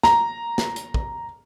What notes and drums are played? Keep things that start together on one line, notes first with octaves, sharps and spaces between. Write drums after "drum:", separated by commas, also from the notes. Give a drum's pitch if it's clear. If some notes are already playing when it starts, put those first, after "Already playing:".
A#5, drum: snare
drum: snare
drum: hi-hat
drum: kick